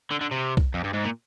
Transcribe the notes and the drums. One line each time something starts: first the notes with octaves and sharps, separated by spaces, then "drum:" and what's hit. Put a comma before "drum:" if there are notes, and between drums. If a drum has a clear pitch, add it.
D3
D3
C3
drum: kick B1
F2
G2
G#2
A#2